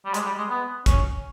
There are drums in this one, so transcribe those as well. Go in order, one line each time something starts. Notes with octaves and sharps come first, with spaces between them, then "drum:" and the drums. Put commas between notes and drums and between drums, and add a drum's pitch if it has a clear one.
G3
G#3, drum: hi-hat
G3
G#3
B3
C#4, drum: kick, hi-hat